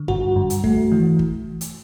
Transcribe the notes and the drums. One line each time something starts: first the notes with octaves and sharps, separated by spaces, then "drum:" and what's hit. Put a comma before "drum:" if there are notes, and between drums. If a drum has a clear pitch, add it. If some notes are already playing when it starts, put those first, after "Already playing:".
Already playing: D3
G2 F#4, drum: kick
G2
drum: hi-hat
A3, drum: kick
E3
drum: kick
drum: hi-hat